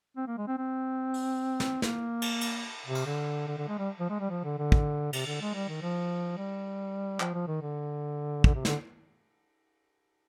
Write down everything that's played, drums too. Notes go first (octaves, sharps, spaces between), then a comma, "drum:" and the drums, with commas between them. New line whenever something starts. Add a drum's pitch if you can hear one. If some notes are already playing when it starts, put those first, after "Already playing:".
C4
A#3
G#3
C4
C4
drum: open hi-hat
drum: snare
A#3, drum: snare
drum: cymbal
drum: cymbal
C3
drum: cymbal
D3
D3
D3
G#3
G3
F3
G#3
G3
F3
D3
D3
drum: kick
C3, drum: cymbal
D3
G#3
G3
D#3
F3
G3
F3, drum: clap
F3
D#3
D3
D3, drum: kick
C3
D3, drum: snare